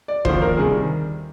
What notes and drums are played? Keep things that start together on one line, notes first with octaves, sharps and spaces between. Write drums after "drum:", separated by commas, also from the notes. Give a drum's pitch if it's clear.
D5
D#2 D3 F3 C5, drum: kick F1
A#4
C3 D#3 G3 G#4